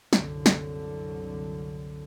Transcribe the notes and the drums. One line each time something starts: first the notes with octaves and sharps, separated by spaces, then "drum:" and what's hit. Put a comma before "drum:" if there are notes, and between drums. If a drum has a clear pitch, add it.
C2 F#2 D3, drum: snare
drum: snare